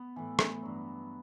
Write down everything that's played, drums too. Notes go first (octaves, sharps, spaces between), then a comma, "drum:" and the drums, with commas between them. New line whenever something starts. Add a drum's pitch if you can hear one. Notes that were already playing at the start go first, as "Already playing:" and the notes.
Already playing: B3
A2 E3
drum: rim click
G2 F#3